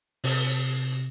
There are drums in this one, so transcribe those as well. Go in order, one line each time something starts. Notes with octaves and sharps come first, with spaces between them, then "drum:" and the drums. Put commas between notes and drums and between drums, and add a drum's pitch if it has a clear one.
C3, drum: open hi-hat